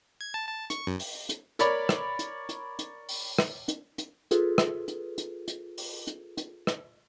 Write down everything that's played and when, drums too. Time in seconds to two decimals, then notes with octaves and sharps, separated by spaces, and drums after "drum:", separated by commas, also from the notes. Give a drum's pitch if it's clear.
0.21 G#6
0.34 A5
0.48 A5
0.70 C#6, drum: hi-hat
0.87 F#2
0.99 drum: open hi-hat
1.29 drum: hi-hat
1.59 A#4 C#5 D5 B5, drum: hi-hat
1.89 drum: rim click
2.19 drum: hi-hat
2.49 drum: hi-hat
2.79 drum: hi-hat
3.09 drum: open hi-hat
3.39 drum: rim click
3.68 drum: hi-hat
3.98 drum: hi-hat
4.31 F4 G#4 A4 B4, drum: hi-hat
4.58 drum: rim click
4.88 drum: hi-hat
5.18 drum: hi-hat
5.48 drum: hi-hat
5.78 drum: open hi-hat
6.07 drum: hi-hat
6.37 drum: hi-hat
6.67 drum: rim click